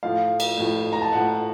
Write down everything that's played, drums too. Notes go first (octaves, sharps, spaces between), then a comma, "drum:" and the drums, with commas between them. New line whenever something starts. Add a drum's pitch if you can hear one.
A2 F3 F5
drum: cymbal
A2 F3
A#5
A5
A2 F3 F#5